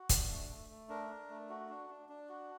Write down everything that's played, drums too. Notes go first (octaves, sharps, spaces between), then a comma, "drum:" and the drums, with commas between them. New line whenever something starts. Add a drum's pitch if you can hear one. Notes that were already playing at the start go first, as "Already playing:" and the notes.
Already playing: F#4
D4, drum: kick, hi-hat
A3
A3
A3
D4 A#4
D4
A3
F#4
D4
D4
D4
F#4